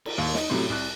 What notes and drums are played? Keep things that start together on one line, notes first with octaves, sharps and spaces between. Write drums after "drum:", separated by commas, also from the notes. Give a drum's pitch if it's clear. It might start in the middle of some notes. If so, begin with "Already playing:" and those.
drum: cymbal
D#2
D#4, drum: snare
A2 C3 F#3
C2 F#6